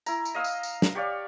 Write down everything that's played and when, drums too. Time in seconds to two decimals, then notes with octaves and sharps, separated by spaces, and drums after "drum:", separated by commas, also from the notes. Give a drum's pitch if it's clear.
0.06 E4 A#5, drum: tambourine
0.25 drum: tambourine
0.35 D#5 F5 D#6 E6
0.44 drum: tambourine
0.63 drum: tambourine
0.82 drum: snare
0.95 G4 C#5 D5 F5